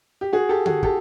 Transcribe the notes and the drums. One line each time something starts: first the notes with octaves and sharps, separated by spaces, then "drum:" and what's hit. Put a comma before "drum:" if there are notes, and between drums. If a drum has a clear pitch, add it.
G4
F#4 G#4
G4 A4
F#4 G#4, drum: tom D3
G4 A4, drum: kick